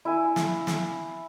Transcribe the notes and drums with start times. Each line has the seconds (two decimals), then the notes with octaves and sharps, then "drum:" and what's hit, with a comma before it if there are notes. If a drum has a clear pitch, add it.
0.05 E4 G#5
0.36 drum: snare
0.67 drum: snare